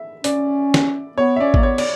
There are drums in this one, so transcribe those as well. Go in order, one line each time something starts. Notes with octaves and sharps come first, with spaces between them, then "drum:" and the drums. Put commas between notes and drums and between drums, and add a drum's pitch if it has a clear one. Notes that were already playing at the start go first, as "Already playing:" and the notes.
Already playing: E5
C#4 D5, drum: hi-hat
drum: snare
B3 C#5
E5
C#4 D5
A#3 D5, drum: kick G#1
B3 C#5
D5, drum: cymbal